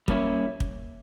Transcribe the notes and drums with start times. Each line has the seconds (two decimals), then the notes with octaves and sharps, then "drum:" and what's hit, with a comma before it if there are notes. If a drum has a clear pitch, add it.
0.08 G3 A#3 C#4 E4, drum: kick
0.60 drum: kick